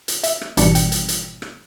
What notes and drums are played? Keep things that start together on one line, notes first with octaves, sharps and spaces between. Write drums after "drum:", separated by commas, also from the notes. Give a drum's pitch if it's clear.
drum: hi-hat
E5, drum: hi-hat
drum: rim click
G#1 B2 E3 G3 D4 C#7, drum: hi-hat
G5, drum: hi-hat
drum: hi-hat
drum: hi-hat
drum: rim click